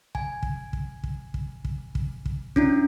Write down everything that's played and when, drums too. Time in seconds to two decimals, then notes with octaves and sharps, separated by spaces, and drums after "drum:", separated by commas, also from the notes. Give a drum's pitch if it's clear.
0.15 G#5, drum: kick
0.43 drum: kick
0.73 drum: kick
1.04 drum: kick
1.34 drum: kick
1.65 drum: kick
1.95 drum: kick
2.26 drum: kick
2.56 C#4 D4 E4, drum: kick